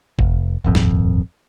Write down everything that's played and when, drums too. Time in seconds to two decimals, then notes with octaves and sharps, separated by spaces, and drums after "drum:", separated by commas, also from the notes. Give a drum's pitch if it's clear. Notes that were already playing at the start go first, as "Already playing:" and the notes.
0.19 F1, drum: kick G1
0.64 D#1 G#1 F2
0.75 drum: snare